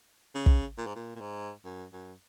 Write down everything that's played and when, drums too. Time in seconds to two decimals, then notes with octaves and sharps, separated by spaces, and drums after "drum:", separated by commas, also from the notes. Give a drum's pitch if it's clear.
0.35 C#3
0.46 drum: kick
0.78 A#2
0.87 G#2
0.95 A#2
1.16 A#2
1.21 G#2
1.65 F#2
1.93 F#2